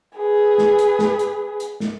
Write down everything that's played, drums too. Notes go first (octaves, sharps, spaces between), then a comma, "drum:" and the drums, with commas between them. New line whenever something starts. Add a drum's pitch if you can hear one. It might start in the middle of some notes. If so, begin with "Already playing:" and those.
G#4 B4
drum: snare
drum: hi-hat
drum: snare
drum: hi-hat
drum: hi-hat
drum: snare